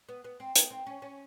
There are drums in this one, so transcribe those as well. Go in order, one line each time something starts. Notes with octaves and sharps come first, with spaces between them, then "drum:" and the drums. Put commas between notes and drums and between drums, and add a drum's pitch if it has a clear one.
B3
B3
C4
B3, drum: hi-hat
C4
C#4
C#4